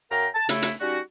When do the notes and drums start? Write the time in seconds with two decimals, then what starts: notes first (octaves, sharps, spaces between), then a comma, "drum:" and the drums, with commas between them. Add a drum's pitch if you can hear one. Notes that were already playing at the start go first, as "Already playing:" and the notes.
0.11 F#2 A#4 F5 G5 A#5
0.35 A5
0.49 C#3 A3 E4, drum: hi-hat
0.62 drum: hi-hat
0.81 G3 C#4 D#4 F#4